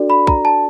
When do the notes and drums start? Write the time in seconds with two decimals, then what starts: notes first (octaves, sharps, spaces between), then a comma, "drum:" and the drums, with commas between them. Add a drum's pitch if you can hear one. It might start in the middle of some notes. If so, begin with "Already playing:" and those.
Already playing: D4 F#4 A4 D5
0.10 B5
0.27 A#5, drum: kick
0.45 A5